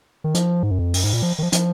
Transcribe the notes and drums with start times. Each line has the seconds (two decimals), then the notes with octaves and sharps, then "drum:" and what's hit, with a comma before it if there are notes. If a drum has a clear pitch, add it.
0.24 D#3
0.34 F3, drum: hi-hat
0.63 G#2
0.70 F#2
0.79 F2
0.94 F#2, drum: open hi-hat
1.04 G#2
1.13 A#2
1.22 F3
1.38 D#3
1.42 F3
1.53 F3, drum: hi-hat